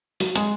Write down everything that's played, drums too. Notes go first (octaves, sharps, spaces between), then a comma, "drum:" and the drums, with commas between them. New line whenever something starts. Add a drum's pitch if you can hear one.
F#3, drum: open hi-hat
G#3, drum: hi-hat